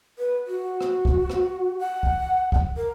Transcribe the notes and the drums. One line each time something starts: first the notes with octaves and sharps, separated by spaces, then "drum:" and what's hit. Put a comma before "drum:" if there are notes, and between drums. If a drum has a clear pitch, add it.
B4
F#4
drum: rim click
drum: kick
drum: rim click
F#5
drum: kick
drum: kick
A#4